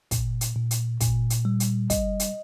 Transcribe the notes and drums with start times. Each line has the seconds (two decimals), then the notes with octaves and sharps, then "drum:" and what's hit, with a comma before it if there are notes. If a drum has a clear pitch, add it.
0.11 A#2, drum: kick, hi-hat
0.41 drum: hi-hat
0.56 A#2
0.71 drum: hi-hat
1.00 A#2, drum: kick, hi-hat
1.30 drum: hi-hat
1.45 G3
1.60 drum: hi-hat
1.90 D#5, drum: kick, hi-hat
2.20 drum: hi-hat